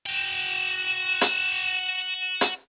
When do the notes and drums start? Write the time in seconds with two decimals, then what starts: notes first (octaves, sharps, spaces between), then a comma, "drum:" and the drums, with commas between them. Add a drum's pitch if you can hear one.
0.06 F#4 G5
1.21 drum: hi-hat
2.41 drum: hi-hat